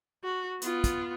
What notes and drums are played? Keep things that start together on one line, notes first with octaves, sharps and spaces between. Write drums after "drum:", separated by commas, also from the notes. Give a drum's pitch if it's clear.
F#4
B3 F4, drum: hi-hat
drum: kick, hi-hat